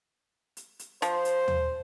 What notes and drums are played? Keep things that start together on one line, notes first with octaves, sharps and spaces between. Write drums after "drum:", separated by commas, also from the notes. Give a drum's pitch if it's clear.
drum: hi-hat
drum: hi-hat
F3 C5, drum: hi-hat
drum: hi-hat
drum: tom D#2